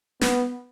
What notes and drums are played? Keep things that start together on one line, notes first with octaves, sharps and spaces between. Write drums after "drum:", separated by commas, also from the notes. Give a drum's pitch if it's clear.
B3, drum: snare